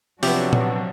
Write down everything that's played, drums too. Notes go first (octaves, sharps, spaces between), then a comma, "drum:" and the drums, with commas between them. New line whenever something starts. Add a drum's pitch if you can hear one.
C3 F3 F#3 B3 D4 F#4 G4 E5, drum: open hi-hat
drum: tom A#2